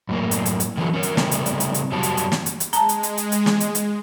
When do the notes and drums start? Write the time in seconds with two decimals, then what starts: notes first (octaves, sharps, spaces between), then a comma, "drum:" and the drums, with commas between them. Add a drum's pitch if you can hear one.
0.09 F#2 A2 A#3
0.31 drum: hi-hat
0.46 drum: hi-hat
0.60 drum: hi-hat
0.77 A2 D3 E3 F#3 A3
0.93 C#4 A#4 C#5
1.03 drum: hi-hat
1.17 C#3 G3 A3 B3 C4, drum: snare
1.31 drum: hi-hat
1.46 drum: hi-hat
1.60 drum: hi-hat
1.74 drum: hi-hat
1.92 F#2 G3 F#4 C#5 A5
2.03 drum: hi-hat
2.17 drum: hi-hat
2.32 drum: snare
2.46 drum: hi-hat
2.60 drum: hi-hat
2.73 G#3 A5 A#5, drum: hi-hat
2.89 drum: hi-hat
3.03 drum: hi-hat
3.17 drum: hi-hat
3.32 drum: hi-hat
3.46 drum: snare
3.60 drum: hi-hat
3.75 drum: hi-hat